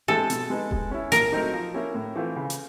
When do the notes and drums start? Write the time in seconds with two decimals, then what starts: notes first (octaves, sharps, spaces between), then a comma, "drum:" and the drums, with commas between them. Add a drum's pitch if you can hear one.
0.08 G#3 C4 E4 G4 A4
0.30 B2, drum: hi-hat
0.50 G#3 B3 D#4
0.71 G#3, drum: kick D#1
0.91 C#4 E4
1.12 A#2 A#4, drum: hi-hat
1.32 F#3 A3 C4 D#4
1.53 F3
1.74 A#3 C#4 E4
1.94 A2
2.15 E3 A3 C4 F4
2.36 C#3
2.50 drum: hi-hat